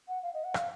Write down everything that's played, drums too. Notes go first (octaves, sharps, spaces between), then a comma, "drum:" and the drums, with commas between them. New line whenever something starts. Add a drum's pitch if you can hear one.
F#5
F5
D#5
F#5
F5, drum: rim click